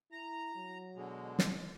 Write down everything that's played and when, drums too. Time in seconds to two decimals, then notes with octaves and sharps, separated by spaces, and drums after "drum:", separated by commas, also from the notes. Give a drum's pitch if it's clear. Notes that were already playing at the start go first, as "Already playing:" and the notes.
0.12 E4 A#5
0.55 F#3
0.95 B2 D3 G#3
1.39 drum: snare